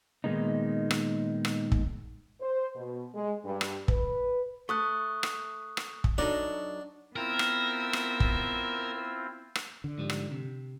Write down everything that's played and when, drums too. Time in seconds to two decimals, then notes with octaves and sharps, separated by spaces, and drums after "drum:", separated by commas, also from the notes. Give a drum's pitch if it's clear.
0.24 A#2 D#3 G#3 B3 D#4
0.91 drum: rim click
1.45 drum: rim click
1.72 drum: kick
2.41 C5
2.76 B2
3.15 G#3
3.45 G2
3.61 drum: rim click
3.88 B4, drum: kick
4.69 A3 C#6 D#6 F#6
5.23 drum: rim click
5.77 drum: rim click
6.04 drum: kick
6.18 F#3 D4 D#4 A4
7.16 B3 C4 E4 F4 A#4 E6
7.39 drum: rim click
7.93 drum: rim click
8.20 drum: kick
9.55 drum: rim click
9.84 D3
9.98 G#2 F3 G3
10.10 drum: rim click
10.31 C3